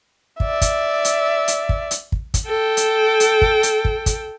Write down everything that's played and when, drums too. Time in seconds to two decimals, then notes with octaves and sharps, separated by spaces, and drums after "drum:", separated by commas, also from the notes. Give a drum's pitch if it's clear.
0.40 D5 E5, drum: kick
0.61 drum: kick, hi-hat
1.05 drum: hi-hat
1.48 drum: hi-hat
1.69 drum: kick
1.91 drum: hi-hat
2.12 drum: kick
2.34 drum: kick, hi-hat
2.46 A4 G5
2.77 drum: hi-hat
3.20 drum: hi-hat
3.42 drum: kick
3.63 drum: hi-hat
3.85 drum: kick
4.06 drum: kick, hi-hat